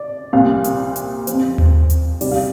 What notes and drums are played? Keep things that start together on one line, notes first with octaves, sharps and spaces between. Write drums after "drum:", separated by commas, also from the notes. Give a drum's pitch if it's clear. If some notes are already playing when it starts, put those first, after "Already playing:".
Already playing: D5
C2 A#2 F3 F5
drum: hi-hat
drum: hi-hat
F2 F3, drum: hi-hat
drum: tom D#2
drum: hi-hat
C2 C3 G3 D5, drum: open hi-hat
F5